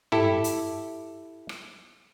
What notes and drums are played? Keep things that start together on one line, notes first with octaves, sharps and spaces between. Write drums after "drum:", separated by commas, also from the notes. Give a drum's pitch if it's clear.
E4 G4 A4, drum: tom
drum: hi-hat
drum: rim click